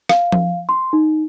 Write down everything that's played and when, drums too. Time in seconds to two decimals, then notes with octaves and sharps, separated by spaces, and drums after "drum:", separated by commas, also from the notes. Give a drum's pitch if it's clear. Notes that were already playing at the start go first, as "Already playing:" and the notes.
0.09 F5, drum: rim click
0.32 drum: tom F3
0.69 C6
0.93 D#4